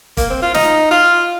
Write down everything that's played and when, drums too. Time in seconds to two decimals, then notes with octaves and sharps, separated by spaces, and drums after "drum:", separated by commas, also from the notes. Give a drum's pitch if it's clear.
0.17 A#3, drum: kick, hi-hat
0.30 C4
0.42 F4
0.54 D#4, drum: snare
0.91 F4